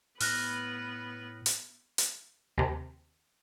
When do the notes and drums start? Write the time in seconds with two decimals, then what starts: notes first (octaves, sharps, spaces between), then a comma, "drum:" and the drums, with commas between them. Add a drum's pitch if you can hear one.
0.20 A2 B3 B4 F6 F#6 A#6, drum: open hi-hat
1.46 drum: hi-hat
1.98 drum: hi-hat
2.58 D#2 C3